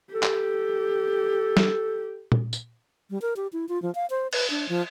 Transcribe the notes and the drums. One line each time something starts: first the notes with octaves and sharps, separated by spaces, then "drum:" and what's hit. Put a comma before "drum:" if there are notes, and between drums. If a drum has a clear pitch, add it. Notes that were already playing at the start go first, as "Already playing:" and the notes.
G4 A4
drum: clap
drum: snare
drum: tom
drum: tambourine
G3
A#4
G4
E4
F4
F3
F5
C5
B4, drum: cymbal
D4
F3